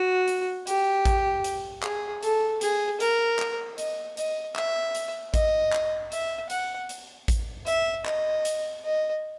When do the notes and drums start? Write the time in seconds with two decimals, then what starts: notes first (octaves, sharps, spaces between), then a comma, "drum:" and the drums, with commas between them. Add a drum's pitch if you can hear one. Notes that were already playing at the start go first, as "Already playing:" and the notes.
Already playing: F#4
0.28 drum: hi-hat
0.67 G4, drum: hi-hat
1.05 drum: kick A1, hi-hat
1.44 drum: hi-hat
1.83 G#4, drum: clap
2.23 A4, drum: hi-hat
2.61 G#4, drum: hi-hat
3.00 A#4, drum: hi-hat
3.39 drum: clap
3.78 D#5, drum: hi-hat
4.17 D#5, drum: hi-hat
4.56 E5, drum: clap
4.95 drum: hi-hat
5.34 D#5, drum: kick A1, hi-hat
5.73 drum: clap
6.12 E5, drum: hi-hat
6.50 F#5, drum: hi-hat
6.89 drum: hi-hat
7.28 drum: kick A1, hi-hat
7.67 E5, drum: hi-hat
8.06 D#5, drum: clap
8.45 drum: hi-hat
8.84 D#5